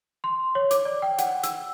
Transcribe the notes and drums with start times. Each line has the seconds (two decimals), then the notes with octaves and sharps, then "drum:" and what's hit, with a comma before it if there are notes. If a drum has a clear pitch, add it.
0.24 C6
0.55 C#5
0.71 D6, drum: hi-hat
0.85 D5
1.02 G5
1.18 F#5, drum: hi-hat
1.43 E6, drum: hi-hat